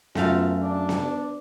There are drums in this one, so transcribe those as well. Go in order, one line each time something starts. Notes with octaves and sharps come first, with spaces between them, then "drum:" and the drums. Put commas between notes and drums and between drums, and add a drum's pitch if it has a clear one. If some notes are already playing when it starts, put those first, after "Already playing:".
F#2 A3 F4 F5, drum: snare B3
D4
drum: snare B3